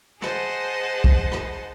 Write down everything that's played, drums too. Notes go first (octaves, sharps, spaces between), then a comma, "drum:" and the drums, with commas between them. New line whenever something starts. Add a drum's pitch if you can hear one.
G#4 C5 D#5 F#5 A5, drum: rim click
drum: kick
drum: rim click